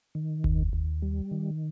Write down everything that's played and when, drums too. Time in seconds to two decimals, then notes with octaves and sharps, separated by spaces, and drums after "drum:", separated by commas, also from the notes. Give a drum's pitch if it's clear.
0.15 D#3
0.44 D#2, drum: kick F#1
0.73 D#2
1.02 G3
1.31 D#3